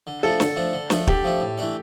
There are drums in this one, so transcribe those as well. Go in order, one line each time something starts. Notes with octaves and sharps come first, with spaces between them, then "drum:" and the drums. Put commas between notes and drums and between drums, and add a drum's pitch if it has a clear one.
D3
F3 A3 D4 A4
D3, drum: snare
F3 A3 D4
D3
F3 A3 D4, drum: snare
D3 G4, drum: kick
F3 A3 D4
A2
E3 A3 D4 A4